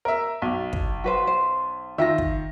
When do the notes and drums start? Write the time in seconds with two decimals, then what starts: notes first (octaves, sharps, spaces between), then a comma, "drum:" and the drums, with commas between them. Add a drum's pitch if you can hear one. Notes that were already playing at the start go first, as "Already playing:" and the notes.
0.05 A#4 E5
0.42 B1
0.73 drum: kick
1.04 F#4 B4 C5
1.27 C5
1.98 D#3 F4 E5 A#6
2.18 drum: kick